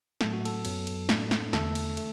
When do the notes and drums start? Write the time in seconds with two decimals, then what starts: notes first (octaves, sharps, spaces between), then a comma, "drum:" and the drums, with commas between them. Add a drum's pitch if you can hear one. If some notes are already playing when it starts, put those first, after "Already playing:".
0.21 A2 F#3 A3 A4, drum: snare
0.33 F#4
0.45 A4, drum: cymbal
0.65 F#2 F#3 B3, drum: cymbal
0.87 drum: cymbal
1.09 A2 A3 D4, drum: snare
1.31 drum: snare
1.53 E2 D3 A3 A4, drum: snare
1.75 drum: cymbal
1.97 A3, drum: cymbal